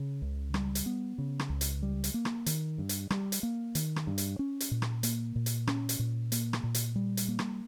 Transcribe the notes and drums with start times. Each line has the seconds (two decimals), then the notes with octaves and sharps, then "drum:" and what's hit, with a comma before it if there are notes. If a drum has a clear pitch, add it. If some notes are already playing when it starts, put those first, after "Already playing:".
Already playing: C#3
0.22 C#2
0.54 G3, drum: rim click
0.75 drum: hi-hat
0.86 B3
1.18 C#3
1.39 drum: rim click
1.50 C#2
1.61 drum: hi-hat
1.83 G3
2.04 drum: hi-hat
2.14 A#3
2.25 drum: rim click
2.46 D#3, drum: hi-hat
2.78 G2
2.89 drum: hi-hat
3.10 G3, drum: rim click
3.32 drum: hi-hat
3.43 A#3
3.75 D#3, drum: hi-hat
3.96 drum: rim click
4.07 G2
4.18 drum: hi-hat
4.39 C#4
4.60 drum: hi-hat
4.71 A#2
4.82 drum: rim click
5.03 A#3, drum: hi-hat
5.36 A#2
5.46 drum: hi-hat
5.67 C#4, drum: rim click
5.89 drum: hi-hat
5.99 A#2
6.32 A#3, drum: hi-hat
6.53 drum: rim click
6.64 A#2
6.75 drum: hi-hat
6.96 G3
7.17 drum: hi-hat
7.28 A#3
7.39 drum: rim click